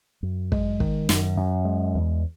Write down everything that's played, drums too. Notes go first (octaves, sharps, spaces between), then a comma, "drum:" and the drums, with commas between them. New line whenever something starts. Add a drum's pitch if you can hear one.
F#2
G#3, drum: kick
D#3, drum: kick
F#2, drum: snare
F#2
G#3
E2